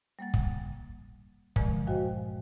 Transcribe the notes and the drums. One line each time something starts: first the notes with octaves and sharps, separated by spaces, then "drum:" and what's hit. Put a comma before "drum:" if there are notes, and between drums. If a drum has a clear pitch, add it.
G3 A#3 F#5 A6
drum: kick
G2 A#2 D3 E3 F3 G#3, drum: kick
F#4 C5 D#5 F5 G5 G#5